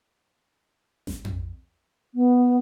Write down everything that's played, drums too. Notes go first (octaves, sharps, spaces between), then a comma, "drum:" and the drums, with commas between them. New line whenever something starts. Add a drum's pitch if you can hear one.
drum: snare G1
drum: tom F2
B3